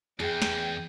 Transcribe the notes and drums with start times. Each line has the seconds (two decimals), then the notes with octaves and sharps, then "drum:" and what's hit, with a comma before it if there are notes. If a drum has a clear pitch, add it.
0.20 E2 G#4 G5
0.42 drum: snare